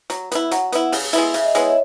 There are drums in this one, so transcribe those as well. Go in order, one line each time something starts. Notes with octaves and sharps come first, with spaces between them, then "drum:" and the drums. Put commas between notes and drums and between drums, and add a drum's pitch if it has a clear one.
F#3, drum: hi-hat
B3 E4, drum: hi-hat
F#3 F#5, drum: hi-hat
B3 E4, drum: hi-hat
C#3, drum: open hi-hat
G#3 B3 E4, drum: hi-hat
C#3 E5, drum: hi-hat
D#5
G#3 B3 E4 C#5, drum: hi-hat
C#5